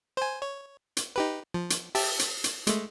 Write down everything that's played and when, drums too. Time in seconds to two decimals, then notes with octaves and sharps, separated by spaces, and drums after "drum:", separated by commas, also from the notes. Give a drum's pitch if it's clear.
0.17 C5 G#5
0.42 C#5
0.97 drum: hi-hat
1.16 D#4 G4 B4
1.54 F3
1.70 drum: hi-hat
1.95 G4 E5 A5, drum: open hi-hat
2.19 drum: hi-hat
2.44 drum: hi-hat
2.67 G#3 A3, drum: hi-hat